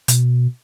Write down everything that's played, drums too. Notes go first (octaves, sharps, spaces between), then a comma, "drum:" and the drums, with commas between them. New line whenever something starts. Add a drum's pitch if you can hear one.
B2, drum: hi-hat